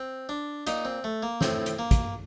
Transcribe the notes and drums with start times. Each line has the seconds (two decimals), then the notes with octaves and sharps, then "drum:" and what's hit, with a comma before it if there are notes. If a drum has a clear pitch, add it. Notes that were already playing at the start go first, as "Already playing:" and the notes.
Already playing: C4
0.29 D4
0.67 A#2 D#4, drum: hi-hat
0.85 C4
1.04 A3
1.23 A#3
1.41 A2 C4, drum: snare
1.66 drum: hi-hat
1.79 A#3
1.91 drum: kick, hi-hat